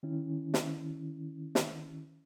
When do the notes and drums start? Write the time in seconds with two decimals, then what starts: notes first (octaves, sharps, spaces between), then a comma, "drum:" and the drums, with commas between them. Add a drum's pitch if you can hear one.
0.03 D#3 C#4 E4
0.54 drum: snare
1.55 drum: snare